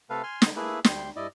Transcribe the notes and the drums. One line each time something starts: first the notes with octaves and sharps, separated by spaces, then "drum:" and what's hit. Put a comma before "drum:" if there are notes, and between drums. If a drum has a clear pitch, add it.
C3 A3 A4 B4 F5
G#5 C6 F6
D3 D#4, drum: snare
A3 A#3 E4 G#4 B4
D2 G3 G5 C6, drum: snare
G2 E4 D5 D#5